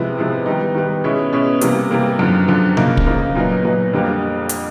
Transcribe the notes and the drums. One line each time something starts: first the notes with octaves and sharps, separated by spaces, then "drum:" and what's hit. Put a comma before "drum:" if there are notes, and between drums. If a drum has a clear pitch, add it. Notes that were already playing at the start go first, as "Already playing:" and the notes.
Already playing: C3 F3 G#3 B3 E4
C3 F3 G#3 B3 E4
D#3 G3 B3 D#4
D#3 G3 B3 D#4
B2 G#3 C#4 E4
B2 G#3 C#4 E4
C3 E3 G3 A#3, drum: hi-hat
C3 E3 G3 A#3
F#2 D3 F3
F#2 D3 F3
C#3 F3 A#3 D#4, drum: tom B2
drum: kick
C#3 F3 A#3 D#4
A#2 F#3 B3 D#4
A#2 F#3 B3 D#4
F2 D3 G3 A#3
drum: hi-hat